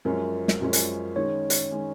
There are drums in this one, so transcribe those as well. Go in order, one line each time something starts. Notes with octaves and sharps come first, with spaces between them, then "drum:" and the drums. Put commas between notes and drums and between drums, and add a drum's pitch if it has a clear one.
F#2 F3 G#3 C#4 A#4
drum: snare
F#2 F3 G#3 C#4
drum: hi-hat
D#3 G#3 C#4 C#5
drum: hi-hat
D#3 G#3 C#4